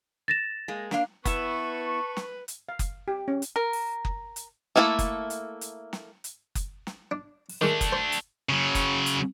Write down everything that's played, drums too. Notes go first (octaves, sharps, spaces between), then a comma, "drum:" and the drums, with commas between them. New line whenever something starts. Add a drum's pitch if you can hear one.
A6 A#6 E7
G#3 A#3
A#3 D4 F5, drum: snare
B3 E4 B4 E5 A5 C#6, drum: kick F#1, hi-hat
drum: snare
drum: hi-hat
F5
drum: kick F#1, hi-hat
G4
C#4
drum: hi-hat
A#4
drum: open hi-hat
drum: kick F#1
drum: hi-hat
A3 A#3 E4 G#4 A4
drum: kick F#1, hi-hat
drum: hi-hat
drum: hi-hat
drum: snare
drum: hi-hat
drum: kick F#1, hi-hat
drum: snare
D4
drum: open hi-hat
D#3 G#3 A3 D4
drum: kick F#1, hi-hat
C5
drum: hi-hat
C#3 F#3
drum: kick F#1, hi-hat
drum: hi-hat